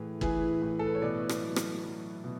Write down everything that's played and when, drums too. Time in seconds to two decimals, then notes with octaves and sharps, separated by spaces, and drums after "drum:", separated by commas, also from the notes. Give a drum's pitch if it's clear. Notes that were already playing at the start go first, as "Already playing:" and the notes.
Already playing: A2 E3 G#4 B4
0.21 E3 G#4 B4, drum: kick
0.62 A2
0.79 A4
0.87 B4
0.95 C#5
1.02 B2 B4 D5
1.29 drum: rim click
1.42 F#3
1.56 drum: rim click
1.84 F#3
2.24 B2